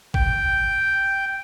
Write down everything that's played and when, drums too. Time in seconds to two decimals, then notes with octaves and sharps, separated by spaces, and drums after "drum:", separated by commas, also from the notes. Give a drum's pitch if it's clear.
0.14 G5, drum: kick G#1